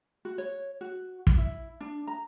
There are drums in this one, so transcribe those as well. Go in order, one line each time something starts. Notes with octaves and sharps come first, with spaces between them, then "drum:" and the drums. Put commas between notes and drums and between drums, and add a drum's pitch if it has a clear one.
F#4
C#5
F#4
drum: kick
E4
D4
A#5